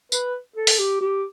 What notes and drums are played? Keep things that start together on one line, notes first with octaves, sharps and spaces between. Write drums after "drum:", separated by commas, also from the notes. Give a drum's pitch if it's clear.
B4, drum: tambourine
A4
drum: open hi-hat
G4
G4